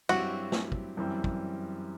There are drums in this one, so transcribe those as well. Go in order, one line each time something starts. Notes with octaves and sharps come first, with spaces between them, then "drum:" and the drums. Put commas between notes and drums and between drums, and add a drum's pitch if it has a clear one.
G2 F#3 C4 E4 F#4 G4, drum: cymbal
drum: snare
drum: kick
F#2 E3 G3 C4 E4
drum: kick